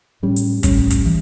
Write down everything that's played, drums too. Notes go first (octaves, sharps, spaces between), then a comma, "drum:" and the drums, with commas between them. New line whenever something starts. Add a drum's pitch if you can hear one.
A2 G3 C#4
drum: hi-hat
A2 G3 C#4, drum: kick, hi-hat
drum: kick, hi-hat
E3